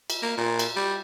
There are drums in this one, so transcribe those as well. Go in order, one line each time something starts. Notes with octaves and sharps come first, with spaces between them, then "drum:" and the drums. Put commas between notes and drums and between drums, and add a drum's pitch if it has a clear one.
drum: cymbal
A#3
A#2
drum: cymbal
G3